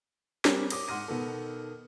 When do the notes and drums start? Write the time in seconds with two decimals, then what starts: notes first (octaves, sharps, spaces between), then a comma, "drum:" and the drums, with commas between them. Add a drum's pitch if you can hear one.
0.45 G3 C4 C#4 G4 A#4, drum: snare
0.70 D6 D#6 A#6, drum: cymbal
0.88 G#2 F#5 C6 F6 A#6 D#7
1.08 B2 D#3 B3 A4